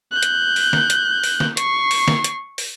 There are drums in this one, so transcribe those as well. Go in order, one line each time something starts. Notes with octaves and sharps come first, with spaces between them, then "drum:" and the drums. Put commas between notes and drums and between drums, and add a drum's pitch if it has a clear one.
F#6 G6
drum: hi-hat
drum: open hi-hat
drum: snare
drum: hi-hat
drum: open hi-hat
drum: snare
C#6 C7, drum: hi-hat
drum: open hi-hat
drum: snare
drum: hi-hat
drum: open hi-hat